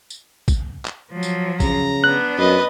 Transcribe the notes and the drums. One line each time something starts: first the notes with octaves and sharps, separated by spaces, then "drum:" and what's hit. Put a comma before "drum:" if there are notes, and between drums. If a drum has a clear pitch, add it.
drum: tambourine
drum: kick, tambourine
drum: clap
F3 F#3
drum: tambourine
C#3 A#5, drum: kick, tambourine
B3 D4 F#6
F#2 B4 D#5